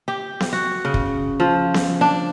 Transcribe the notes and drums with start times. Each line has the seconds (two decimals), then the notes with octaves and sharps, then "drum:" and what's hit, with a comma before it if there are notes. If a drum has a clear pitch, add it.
0.08 G4
0.40 drum: snare B3
0.53 F#4
0.85 C#3
0.94 drum: kick
1.40 F3
1.74 drum: snare B3
2.01 D4